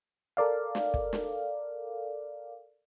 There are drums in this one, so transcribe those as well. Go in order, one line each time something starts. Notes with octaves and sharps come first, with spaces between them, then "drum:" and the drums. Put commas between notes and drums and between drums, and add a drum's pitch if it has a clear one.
A4 A#4 D5 F5
drum: snare
drum: kick
drum: snare